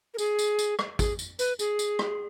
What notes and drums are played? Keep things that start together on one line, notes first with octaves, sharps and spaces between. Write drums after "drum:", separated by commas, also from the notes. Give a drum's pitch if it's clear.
A#4
G#4, drum: tambourine
drum: tambourine
drum: tambourine
drum: rim click
G#4, drum: kick, tambourine
drum: tambourine
B4, drum: tambourine
G#4, drum: tambourine
drum: tambourine
drum: rim click